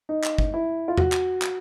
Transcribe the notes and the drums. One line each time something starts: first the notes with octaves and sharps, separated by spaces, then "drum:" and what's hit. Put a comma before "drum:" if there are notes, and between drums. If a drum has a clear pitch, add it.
D#4
drum: clap
drum: kick G1
E4
F4
F#4, drum: tom E2
drum: clap
drum: clap